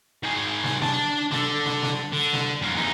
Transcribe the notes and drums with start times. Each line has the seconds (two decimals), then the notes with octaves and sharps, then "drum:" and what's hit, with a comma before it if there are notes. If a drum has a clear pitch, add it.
0.23 D#3 G#4
0.64 drum: snare
0.82 D4 A5, drum: snare
1.32 D4 A4, drum: snare
1.65 drum: snare
1.82 drum: snare
2.13 D3
2.33 drum: snare
2.62 F#2 A#3
2.74 E2 D#4